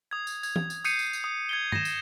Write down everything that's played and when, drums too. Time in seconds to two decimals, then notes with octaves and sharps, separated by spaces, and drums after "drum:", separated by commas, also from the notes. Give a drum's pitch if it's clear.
0.11 D#6 G#6
0.27 drum: tambourine
0.43 G#6, drum: tambourine
0.56 drum: tom
0.70 drum: tambourine
0.84 D#6 G6 C7 C#7 D#7, drum: tambourine
0.99 drum: tambourine
1.13 drum: tambourine
1.24 D#6
1.49 G#6 C#7 G7
1.72 A#6 E7, drum: tom
1.85 drum: tambourine